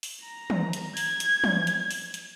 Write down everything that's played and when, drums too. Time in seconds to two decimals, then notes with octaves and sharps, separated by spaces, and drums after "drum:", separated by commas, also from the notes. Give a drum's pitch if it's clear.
0.03 drum: open hi-hat
0.23 A#5
0.50 drum: tom
0.73 drum: hi-hat
0.97 G#6, drum: open hi-hat
1.20 drum: hi-hat
1.44 drum: tom
1.67 drum: hi-hat
1.91 drum: open hi-hat
2.14 drum: hi-hat